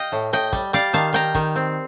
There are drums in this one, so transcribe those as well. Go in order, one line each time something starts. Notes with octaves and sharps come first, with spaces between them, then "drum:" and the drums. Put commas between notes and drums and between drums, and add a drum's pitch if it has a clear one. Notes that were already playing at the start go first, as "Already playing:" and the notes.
Already playing: D#5 F5 G5
A2
A2 D#5 G5, drum: hi-hat
G3, drum: kick, hi-hat
G3 D5 F5, drum: hi-hat
D#3 F5 A5, drum: hi-hat
D#3 G5 A#5, drum: hi-hat
D#3, drum: kick, hi-hat
C4, drum: hi-hat